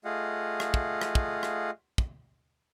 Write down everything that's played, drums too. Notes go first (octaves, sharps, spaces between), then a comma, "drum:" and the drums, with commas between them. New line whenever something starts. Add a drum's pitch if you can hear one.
A3 F4 G#4 D#5 F5 F#5
drum: rim click
drum: kick
drum: rim click
drum: kick
drum: rim click
drum: kick